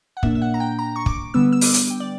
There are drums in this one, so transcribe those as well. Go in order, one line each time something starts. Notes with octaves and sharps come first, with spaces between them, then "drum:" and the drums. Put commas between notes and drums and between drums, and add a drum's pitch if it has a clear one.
F#5
A#2 A#3 D4 E5, drum: kick
E5
F#5
A#5
G5
A#5
C#6
D6, drum: kick
D3 G3 B3 E6
E6
D6, drum: open hi-hat
drum: hi-hat
G5
D5